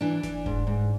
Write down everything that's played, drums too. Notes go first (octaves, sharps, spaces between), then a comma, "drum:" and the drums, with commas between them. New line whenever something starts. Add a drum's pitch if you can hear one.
E3 D4
E3, drum: snare F#1
G#2, drum: kick F1
G#2